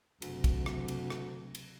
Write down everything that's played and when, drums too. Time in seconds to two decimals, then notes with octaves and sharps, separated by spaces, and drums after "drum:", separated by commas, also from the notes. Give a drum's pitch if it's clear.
0.22 F#1 D2 C3, drum: cymbal
0.44 drum: kick, cymbal
0.66 drum: rim click
0.88 drum: cymbal
1.10 drum: rim click
1.55 drum: cymbal